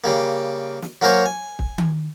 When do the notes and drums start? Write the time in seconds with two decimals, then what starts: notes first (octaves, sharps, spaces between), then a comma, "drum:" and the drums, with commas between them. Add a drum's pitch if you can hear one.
0.04 C#3 G3 A#3
0.82 drum: snare
1.02 F#3 A#3 C#4 A#4 C5 C#5
1.26 G#5
1.59 drum: kick
1.78 drum: tom D#3